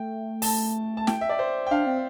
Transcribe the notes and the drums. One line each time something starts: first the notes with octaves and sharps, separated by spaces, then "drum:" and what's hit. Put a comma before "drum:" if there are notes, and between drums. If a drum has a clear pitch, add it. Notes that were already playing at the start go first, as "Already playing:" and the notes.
Already playing: A3 G5
A5, drum: open hi-hat
A5
G5, drum: snare
E5
D5
C5
G5
D4 F5
C4